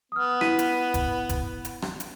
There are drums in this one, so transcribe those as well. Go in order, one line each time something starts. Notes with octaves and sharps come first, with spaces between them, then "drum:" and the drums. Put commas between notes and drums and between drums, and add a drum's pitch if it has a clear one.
B3 D#6 F6
E4 B6 D#7, drum: rim click
drum: hi-hat
drum: kick E1, hi-hat
drum: kick E1, hi-hat
drum: hi-hat
drum: rim click
drum: hi-hat